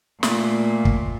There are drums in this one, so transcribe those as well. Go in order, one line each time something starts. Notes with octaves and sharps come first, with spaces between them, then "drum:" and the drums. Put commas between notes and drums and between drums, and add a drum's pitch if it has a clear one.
A#2 A3, drum: snare
drum: kick